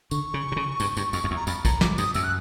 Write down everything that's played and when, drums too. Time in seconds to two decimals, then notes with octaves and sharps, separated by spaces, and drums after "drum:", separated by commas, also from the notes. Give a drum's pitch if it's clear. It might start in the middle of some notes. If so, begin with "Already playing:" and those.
0.11 D3 C#6, drum: tambourine
0.34 C#3
0.52 C3
0.56 C#3
0.80 G2, drum: tambourine
0.97 G2, drum: tambourine
1.13 F2, drum: tambourine
1.24 F2
1.31 E2
1.36 A#5
1.47 F2 B5, drum: tambourine
1.65 A2 A#5, drum: kick, tambourine
1.81 G#2 D6, drum: snare
1.98 G2 D#6, drum: tambourine
2.14 F#2 E6, drum: tambourine
2.24 F#6